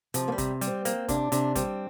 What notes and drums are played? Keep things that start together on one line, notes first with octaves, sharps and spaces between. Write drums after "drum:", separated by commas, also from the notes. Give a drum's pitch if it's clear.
C3 F3, drum: hi-hat
A#3
G3
C3, drum: kick, hi-hat
G3, drum: hi-hat
C4
A#3 C4, drum: hi-hat
C3 D4, drum: kick, hi-hat
C3 D4, drum: hi-hat
G3 C4, drum: kick, hi-hat